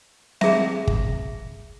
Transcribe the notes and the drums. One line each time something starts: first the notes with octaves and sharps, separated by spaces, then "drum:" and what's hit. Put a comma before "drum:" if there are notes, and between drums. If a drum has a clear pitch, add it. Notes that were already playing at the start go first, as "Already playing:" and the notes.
G#4 E5, drum: snare C4
drum: kick